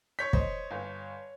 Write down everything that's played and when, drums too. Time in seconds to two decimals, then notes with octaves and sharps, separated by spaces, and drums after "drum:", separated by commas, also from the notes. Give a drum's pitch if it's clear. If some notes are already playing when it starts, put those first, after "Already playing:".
0.19 C#5 C#6 G6 B6
0.33 C5 D#5, drum: kick
0.71 G1